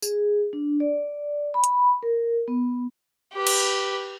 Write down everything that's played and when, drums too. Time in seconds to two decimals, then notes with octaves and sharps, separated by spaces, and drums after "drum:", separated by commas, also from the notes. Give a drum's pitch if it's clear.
0.02 G#4, drum: tambourine
0.53 D4
0.80 D5
1.54 B5
1.64 drum: hi-hat
2.03 A#4
2.48 B3
3.34 G4 B4
3.47 drum: cymbal